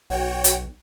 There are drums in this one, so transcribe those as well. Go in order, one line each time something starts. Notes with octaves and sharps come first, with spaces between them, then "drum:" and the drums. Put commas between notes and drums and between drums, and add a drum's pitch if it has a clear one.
B1 F#4 C#5 G5
drum: hi-hat